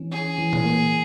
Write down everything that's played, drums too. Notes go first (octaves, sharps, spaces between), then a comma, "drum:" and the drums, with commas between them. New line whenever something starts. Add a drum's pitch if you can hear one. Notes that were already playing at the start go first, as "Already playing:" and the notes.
Already playing: E3 C#4
C#4 G#4
E3
drum: tom A#2
A#3